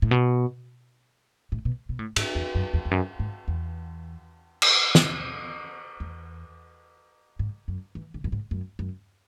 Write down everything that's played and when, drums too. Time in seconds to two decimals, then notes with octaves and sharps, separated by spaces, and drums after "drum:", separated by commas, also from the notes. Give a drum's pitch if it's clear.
0.02 A2
0.11 B2
1.52 A2
1.65 B2
1.89 B2
1.99 A2
2.16 G#2, drum: cymbal
2.35 E2
2.55 F#2
2.74 E2
2.85 E2
2.91 F#2
3.19 G#2
3.48 E2
4.62 drum: cymbal
4.95 drum: snare
6.00 E2
7.39 G#2
7.68 F#2
7.95 E3
8.14 D3
8.24 F#2
8.32 G#2
8.51 F#2
8.79 F#2